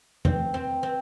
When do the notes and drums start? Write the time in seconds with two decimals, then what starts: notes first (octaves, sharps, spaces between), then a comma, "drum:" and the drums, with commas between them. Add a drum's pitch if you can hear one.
0.25 C4, drum: tom
0.54 C4
0.83 C4